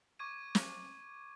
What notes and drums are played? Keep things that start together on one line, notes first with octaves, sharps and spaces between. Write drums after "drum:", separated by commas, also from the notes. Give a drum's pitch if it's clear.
C#6 D6 G#6 D#7
drum: snare